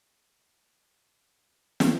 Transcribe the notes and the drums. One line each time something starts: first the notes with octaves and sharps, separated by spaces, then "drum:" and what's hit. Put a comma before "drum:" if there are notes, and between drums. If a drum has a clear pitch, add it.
E3
drum: snare